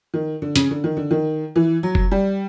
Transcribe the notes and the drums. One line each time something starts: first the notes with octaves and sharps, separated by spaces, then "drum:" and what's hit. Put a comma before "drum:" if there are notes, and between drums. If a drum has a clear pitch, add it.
D#3
D3
C#3, drum: hi-hat
D3
D#3
D3
D#3
E3
F#3
drum: kick
G3